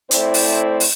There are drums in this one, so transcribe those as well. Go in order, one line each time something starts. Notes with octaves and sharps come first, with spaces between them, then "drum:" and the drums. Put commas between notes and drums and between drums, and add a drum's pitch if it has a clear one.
A2 A3 C4 E4 C5 D5, drum: hi-hat
drum: open hi-hat
drum: open hi-hat